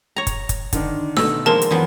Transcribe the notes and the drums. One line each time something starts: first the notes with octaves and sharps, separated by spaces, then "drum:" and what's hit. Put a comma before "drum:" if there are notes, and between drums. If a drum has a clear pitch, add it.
C#5 A#5
drum: kick, hi-hat
drum: kick, hi-hat
D3 D#3 D4, drum: kick, hi-hat
B2 A3 E6, drum: snare D4
F3 G#3 A#3 A#4 A5
drum: hi-hat
F#2 E3 F3 B3 F#5